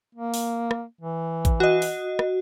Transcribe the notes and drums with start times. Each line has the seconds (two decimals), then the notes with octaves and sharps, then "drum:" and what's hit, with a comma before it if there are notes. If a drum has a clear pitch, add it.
0.15 A#3
0.34 drum: open hi-hat
0.71 drum: rim click
1.01 E3
1.45 drum: kick A1, hi-hat
1.60 F#4 D#5
1.82 drum: open hi-hat
2.19 drum: rim click